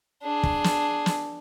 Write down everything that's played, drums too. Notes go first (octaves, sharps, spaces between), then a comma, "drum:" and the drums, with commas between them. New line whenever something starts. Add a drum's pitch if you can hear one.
D4 G#4
drum: kick
drum: snare
drum: snare